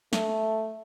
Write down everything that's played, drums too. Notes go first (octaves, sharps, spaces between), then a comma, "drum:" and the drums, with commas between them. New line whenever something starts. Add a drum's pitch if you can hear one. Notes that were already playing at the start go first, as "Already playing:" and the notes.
A3, drum: snare